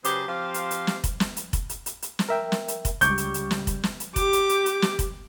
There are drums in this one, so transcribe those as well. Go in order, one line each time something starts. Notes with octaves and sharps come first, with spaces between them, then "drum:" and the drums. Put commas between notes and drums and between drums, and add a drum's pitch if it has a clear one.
C#3 F#3 G4 G#4 B4 C5, drum: hi-hat
F3 C4 G4 C5 F5
drum: hi-hat
drum: hi-hat
drum: snare
drum: kick F1, hi-hat
drum: snare
drum: hi-hat
drum: kick F1, hi-hat
drum: hi-hat
drum: hi-hat
drum: hi-hat
drum: snare
A#4 E5 G5
drum: snare
drum: hi-hat
drum: kick F1, hi-hat
C#2 C#3 G3 C#6 D6 G6, drum: hi-hat
drum: hi-hat
drum: hi-hat
drum: snare
drum: kick F1, hi-hat
drum: snare
drum: hi-hat
G4 D6, drum: kick F1, hi-hat
drum: hi-hat
drum: hi-hat
drum: hi-hat
drum: snare
drum: kick F1, hi-hat